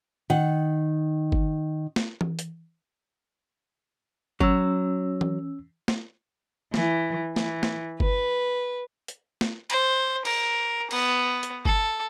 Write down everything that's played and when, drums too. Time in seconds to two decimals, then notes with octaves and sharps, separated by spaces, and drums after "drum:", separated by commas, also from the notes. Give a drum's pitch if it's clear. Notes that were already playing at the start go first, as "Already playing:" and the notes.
0.30 D#3 F#5
1.32 drum: kick G1
1.96 drum: snare
2.21 drum: tom E3
2.39 drum: hi-hat
4.40 F#3 C#4 E6, drum: kick G1
5.21 drum: tom E3
5.88 drum: snare
6.74 E3, drum: snare
7.36 E3, drum: snare
7.63 drum: snare
8.00 B4, drum: kick G1
9.08 drum: hi-hat
9.41 drum: snare
9.70 C5, drum: cymbal
10.25 A#4, drum: cymbal
10.91 B3, drum: cymbal
11.43 drum: hi-hat
11.65 A4, drum: kick G1